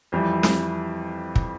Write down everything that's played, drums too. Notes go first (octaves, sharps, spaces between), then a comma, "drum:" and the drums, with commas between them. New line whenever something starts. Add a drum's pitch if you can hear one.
F2 E3 G3
drum: snare
drum: kick